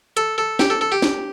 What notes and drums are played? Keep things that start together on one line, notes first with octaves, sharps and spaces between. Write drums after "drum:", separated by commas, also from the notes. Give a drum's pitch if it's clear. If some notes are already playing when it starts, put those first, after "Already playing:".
A4, drum: hi-hat
A4
G4, drum: snare
A4
A4
G4
drum: snare